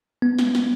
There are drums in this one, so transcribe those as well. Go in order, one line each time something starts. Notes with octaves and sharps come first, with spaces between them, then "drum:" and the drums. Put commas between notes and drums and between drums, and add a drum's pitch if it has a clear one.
B3
drum: snare
drum: snare